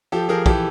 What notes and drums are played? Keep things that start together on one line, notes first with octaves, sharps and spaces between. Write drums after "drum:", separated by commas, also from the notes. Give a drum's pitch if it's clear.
F3 G4 A4
F3 G#4 A#4
E3 G4 A4, drum: kick